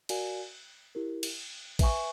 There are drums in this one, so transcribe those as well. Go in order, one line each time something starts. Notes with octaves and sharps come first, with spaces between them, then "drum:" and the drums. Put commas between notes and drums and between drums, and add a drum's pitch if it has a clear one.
F#4 A#4 D5 F5 G#5, drum: cymbal
E4 G4 A#4
drum: cymbal
B4 E5 G#5 C#6, drum: kick, cymbal